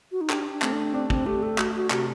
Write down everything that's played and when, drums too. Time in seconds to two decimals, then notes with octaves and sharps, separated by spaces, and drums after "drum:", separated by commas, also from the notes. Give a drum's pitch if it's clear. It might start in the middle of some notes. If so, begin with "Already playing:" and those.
0.12 F#4
0.21 D#4
0.30 D4 G4, drum: clap
0.51 D4
0.62 A3 C4, drum: clap
0.72 D4
0.93 C4 D4
1.10 C4, drum: kick
1.26 A3 G4
1.43 A4
1.58 A3 F#4, drum: clap
1.75 F#4
1.90 C3 F#4, drum: clap